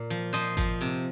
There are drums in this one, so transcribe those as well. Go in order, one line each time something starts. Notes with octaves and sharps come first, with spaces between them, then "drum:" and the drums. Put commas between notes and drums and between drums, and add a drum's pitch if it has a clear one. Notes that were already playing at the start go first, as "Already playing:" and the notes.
Already playing: A#2
F3
F3 C5 D#5, drum: open hi-hat
F3, drum: kick G#1, hi-hat
C3, drum: hi-hat